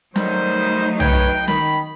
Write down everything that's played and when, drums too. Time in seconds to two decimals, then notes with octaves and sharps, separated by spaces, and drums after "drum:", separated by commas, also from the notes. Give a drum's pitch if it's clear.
0.16 D#3 F#3 G3 A3 D#4 C5, drum: snare
1.00 B4 C#5 G5, drum: tom
1.48 D#3 B5, drum: snare